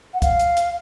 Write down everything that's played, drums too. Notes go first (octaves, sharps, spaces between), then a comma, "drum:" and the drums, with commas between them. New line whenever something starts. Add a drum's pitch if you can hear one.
F#5
F5, drum: kick, hi-hat
drum: hi-hat
drum: hi-hat